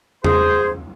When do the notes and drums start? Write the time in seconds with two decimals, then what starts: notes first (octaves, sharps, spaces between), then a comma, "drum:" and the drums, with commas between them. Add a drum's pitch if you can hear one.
0.24 G#4 C5, drum: tom E2